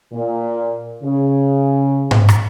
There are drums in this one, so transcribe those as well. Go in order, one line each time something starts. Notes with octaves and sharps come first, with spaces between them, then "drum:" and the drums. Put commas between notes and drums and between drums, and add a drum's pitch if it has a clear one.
A#2
C#3
drum: tom G#2
drum: rim click